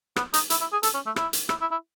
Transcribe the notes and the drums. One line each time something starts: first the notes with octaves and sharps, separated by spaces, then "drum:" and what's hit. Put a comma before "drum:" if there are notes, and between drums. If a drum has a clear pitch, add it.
B3, drum: rim click
D#4, drum: hi-hat
E4, drum: hi-hat
E4
G#4
A4, drum: hi-hat
C#4
A3
E4, drum: rim click
drum: hi-hat
E4, drum: rim click
E4
E4